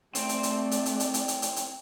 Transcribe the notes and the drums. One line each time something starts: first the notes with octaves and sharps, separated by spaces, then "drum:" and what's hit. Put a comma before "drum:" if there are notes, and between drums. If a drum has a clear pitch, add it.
A3 C4 D5 G5, drum: hi-hat
drum: hi-hat
drum: hi-hat
drum: hi-hat
drum: hi-hat
drum: hi-hat
drum: hi-hat
drum: hi-hat
drum: hi-hat
drum: hi-hat